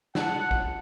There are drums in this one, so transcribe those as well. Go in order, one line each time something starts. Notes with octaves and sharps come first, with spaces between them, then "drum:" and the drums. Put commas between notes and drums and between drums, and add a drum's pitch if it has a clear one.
F4 F#5 A5, drum: snare
drum: kick